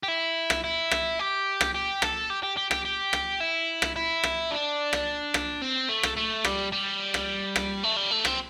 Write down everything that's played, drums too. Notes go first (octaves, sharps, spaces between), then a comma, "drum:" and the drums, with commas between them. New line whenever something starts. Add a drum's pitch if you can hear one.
G4
E4
drum: rim click
E4
drum: rim click
G4
drum: rim click
G4
A4, drum: rim click
G4
G4
G4
G4, drum: rim click
G4
drum: rim click
E4
drum: rim click
E4
drum: rim click
D4
drum: rim click
drum: rim click
C4
A3
drum: rim click
A3
G3, drum: rim click
G3
drum: rim click
drum: rim click
A3
G3
A3
C4, drum: rim click